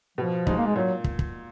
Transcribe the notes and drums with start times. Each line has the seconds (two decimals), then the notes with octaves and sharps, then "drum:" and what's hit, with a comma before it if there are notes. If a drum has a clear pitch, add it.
0.18 B2 F3
0.47 G#3 D#4, drum: kick
0.58 A#3
0.66 G#3
0.76 A#2 F#3
1.04 drum: kick
1.19 drum: kick